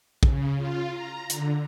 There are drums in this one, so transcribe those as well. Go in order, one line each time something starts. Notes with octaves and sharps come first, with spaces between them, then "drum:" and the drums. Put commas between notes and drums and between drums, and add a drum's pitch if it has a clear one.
C#3, drum: kick A#1
F4
A#5
D3, drum: hi-hat